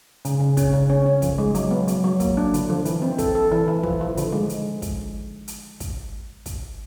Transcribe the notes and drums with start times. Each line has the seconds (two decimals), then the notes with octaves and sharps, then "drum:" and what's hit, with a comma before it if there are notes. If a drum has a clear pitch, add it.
0.25 C#3, drum: hi-hat
0.40 C#3
0.57 C#4, drum: kick, hi-hat
0.73 C#3
0.90 C#4
1.06 C#4
1.22 F3, drum: kick, hi-hat
1.38 G#3
1.55 F#3, drum: hi-hat
1.71 B3
1.88 F#3, drum: hi-hat
2.04 F#3
2.20 A#3, drum: kick, hi-hat
2.37 D4
2.54 D3, drum: hi-hat
2.70 F3
2.85 E3, drum: hi-hat
3.02 C4
3.18 A4, drum: kick, hi-hat
3.35 A4
3.52 E3
3.68 E3
3.83 F3, drum: kick
4.01 F3
4.17 D3, drum: hi-hat
4.33 G#3
4.49 drum: hi-hat
4.82 drum: kick, hi-hat
5.48 drum: hi-hat
5.80 drum: kick, hi-hat
6.46 drum: kick, hi-hat